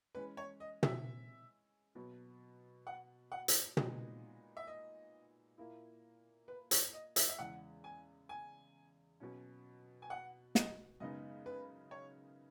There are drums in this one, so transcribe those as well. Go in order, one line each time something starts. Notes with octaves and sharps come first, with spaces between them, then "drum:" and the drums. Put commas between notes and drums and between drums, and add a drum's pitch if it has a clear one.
E3 G#3 C#4 B4
C#5
D#5
E5, drum: tom
B2 F#3 B3
F#5
F#5
drum: hi-hat
A#2 G#3 B3 D#4 F#4, drum: tom
E5
D#5
A#2 A#3 E4
B4
C#5, drum: hi-hat
D#5
E5, drum: hi-hat
E5
E2 C#3 E3 G#3 F#5
G#5
G#5
B2 F#3 C#4
G#5
F#5
D#5, drum: snare
F#2 C#3 G#3 B3 D#4 D#5
B4
C#5